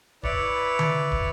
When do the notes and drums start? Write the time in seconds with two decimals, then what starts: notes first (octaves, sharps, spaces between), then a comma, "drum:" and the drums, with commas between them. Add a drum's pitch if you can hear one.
0.23 E4 B4 C#5 D5, drum: kick
0.79 drum: tom D3
1.12 drum: kick